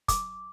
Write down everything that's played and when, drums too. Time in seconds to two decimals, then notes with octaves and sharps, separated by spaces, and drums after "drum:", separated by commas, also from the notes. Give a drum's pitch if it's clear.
0.08 D6, drum: kick, hi-hat